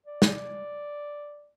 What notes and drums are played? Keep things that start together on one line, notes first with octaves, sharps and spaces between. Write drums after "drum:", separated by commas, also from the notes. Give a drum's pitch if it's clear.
D5
drum: snare